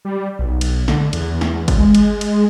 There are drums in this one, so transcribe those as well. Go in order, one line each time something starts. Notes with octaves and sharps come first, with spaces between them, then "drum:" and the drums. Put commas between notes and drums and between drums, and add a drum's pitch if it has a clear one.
G3
B1
drum: cymbal
D3, drum: snare
E2, drum: cymbal
drum: snare
drum: kick, cymbal
G#3
drum: cymbal
drum: cymbal